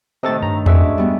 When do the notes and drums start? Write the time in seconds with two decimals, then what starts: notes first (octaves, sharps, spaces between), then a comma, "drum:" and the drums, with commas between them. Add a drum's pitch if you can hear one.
0.23 A2 C3 D#3 A4 D#5 A6
0.42 G2 A#5
0.66 G#3 C#4 D4 F#4 D5 E5, drum: tom E2
0.98 G3 B3